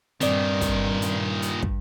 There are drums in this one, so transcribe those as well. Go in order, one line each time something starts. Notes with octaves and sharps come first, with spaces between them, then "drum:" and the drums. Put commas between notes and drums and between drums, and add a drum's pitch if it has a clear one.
G2 A#2 D#3 C4 D5, drum: hi-hat
drum: kick, hi-hat
drum: hi-hat
drum: hi-hat
drum: kick